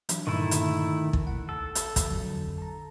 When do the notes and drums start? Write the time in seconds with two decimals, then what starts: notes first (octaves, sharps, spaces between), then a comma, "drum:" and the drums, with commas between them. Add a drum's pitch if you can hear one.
0.09 E3 F#3 D4, drum: hi-hat
0.27 G2 A#2 D3 D#3 A3 E4
0.51 drum: hi-hat
1.13 drum: kick
1.27 F#5
1.49 A4 F#5 E6
1.75 drum: hi-hat
1.96 drum: kick, hi-hat
2.10 F2 D3 F#3
2.58 A5 A#5